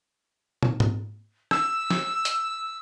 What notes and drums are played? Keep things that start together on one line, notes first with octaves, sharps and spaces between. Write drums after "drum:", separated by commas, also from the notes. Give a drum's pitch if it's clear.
drum: tom
drum: tom G#2
E6, drum: rim click
drum: snare
drum: hi-hat